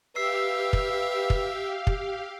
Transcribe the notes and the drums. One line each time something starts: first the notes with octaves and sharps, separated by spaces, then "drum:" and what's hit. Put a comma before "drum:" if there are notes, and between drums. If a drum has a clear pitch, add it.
G4 B4 E5 F5 E6 C7
drum: kick
drum: kick
drum: kick